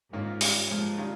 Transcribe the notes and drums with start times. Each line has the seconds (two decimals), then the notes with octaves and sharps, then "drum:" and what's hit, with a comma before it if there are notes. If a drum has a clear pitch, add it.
0.13 G#2 D#3 A#3 C#4 F4
0.41 G3 C#4 F4, drum: open hi-hat
0.70 A#2 F3 G#3 A#3
0.98 D#3 G3 C#4 F4